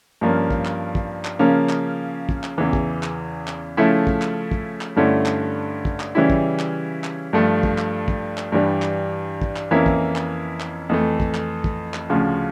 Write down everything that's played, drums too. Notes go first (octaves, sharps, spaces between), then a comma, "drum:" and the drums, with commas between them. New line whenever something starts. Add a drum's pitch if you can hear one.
G2 F3 A#3 C#4
drum: kick
drum: clap
drum: kick
drum: clap
C#3 F3 A#3 C#4
drum: clap
drum: kick
drum: clap
E2 C#3 E3
drum: kick
drum: clap
drum: clap
C#3 F3 A3 C#4 E4
drum: kick
drum: clap
drum: kick
drum: clap
G2 D3 A3 C#4 E4
drum: clap
drum: kick
drum: clap
C#3 E3 G3 C#4 E4
drum: kick
drum: clap
drum: clap
G2 F3 A3
drum: kick
drum: clap
drum: kick
drum: clap
G2 E3 G3 D4
drum: clap
drum: kick
drum: clap
F2 E3 A#3 C#4 E4
drum: kick
drum: clap
drum: clap
F2 E3 A3
drum: kick
drum: clap
drum: kick
drum: clap
D2 C#3 F3